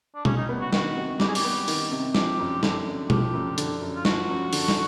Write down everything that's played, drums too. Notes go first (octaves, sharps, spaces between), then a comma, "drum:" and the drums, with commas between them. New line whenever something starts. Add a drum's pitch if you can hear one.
D4
G3 C#4, drum: tom B2
D#4
B3
F#4
D#3 F#4, drum: snare
C3
G3 G4, drum: snare
G#4
G4, drum: open hi-hat
B3
D#3, drum: open hi-hat
C3
F3 G4, drum: snare
F#2
D3, drum: snare
F#2
F3 G4, drum: tom B2
F#2
D3, drum: hi-hat
F#2
F4
F3 F#4, drum: snare
F#2
D3, drum: open hi-hat
drum: snare